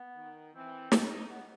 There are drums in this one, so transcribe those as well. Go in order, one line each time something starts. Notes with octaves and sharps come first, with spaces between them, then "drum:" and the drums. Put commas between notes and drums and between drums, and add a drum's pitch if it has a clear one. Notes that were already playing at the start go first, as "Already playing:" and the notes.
Already playing: B3
D#3
E3 C4
D#4, drum: snare
B3